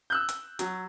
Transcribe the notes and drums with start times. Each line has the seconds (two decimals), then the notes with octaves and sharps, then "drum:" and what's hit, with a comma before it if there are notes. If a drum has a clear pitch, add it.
0.10 E6 F#6 G6
0.29 drum: hi-hat
0.59 F#3, drum: hi-hat